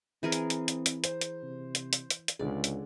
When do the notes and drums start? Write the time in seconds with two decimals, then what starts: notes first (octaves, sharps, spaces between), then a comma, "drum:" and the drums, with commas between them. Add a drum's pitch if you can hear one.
0.23 E3 C4 G#4 A#4
0.32 drum: hi-hat
0.50 drum: hi-hat
0.68 drum: hi-hat
0.86 drum: hi-hat
1.04 C5, drum: hi-hat
1.21 drum: hi-hat
1.43 C3
1.75 drum: hi-hat
1.93 drum: hi-hat
2.10 drum: hi-hat
2.28 drum: hi-hat
2.39 C#2 D3 G#3 D5
2.64 drum: hi-hat